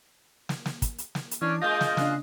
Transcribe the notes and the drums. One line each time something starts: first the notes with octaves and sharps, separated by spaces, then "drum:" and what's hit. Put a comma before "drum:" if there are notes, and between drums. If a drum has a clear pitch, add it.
drum: snare
drum: snare
drum: kick, hi-hat
drum: hi-hat
drum: snare
drum: hi-hat
E3 C#4 D4 D5
G#3 A#3 F4 D#5 G6 A#6
drum: snare
C#3 D4 F5 F#6, drum: snare